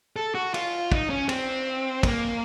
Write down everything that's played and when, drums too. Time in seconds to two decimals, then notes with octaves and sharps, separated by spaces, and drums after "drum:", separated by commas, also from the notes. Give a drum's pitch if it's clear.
0.16 A4
0.35 F#4
0.54 F4, drum: cymbal
0.92 D#4, drum: kick
1.10 C#4
1.29 C4, drum: cymbal
2.03 A#3, drum: kick, cymbal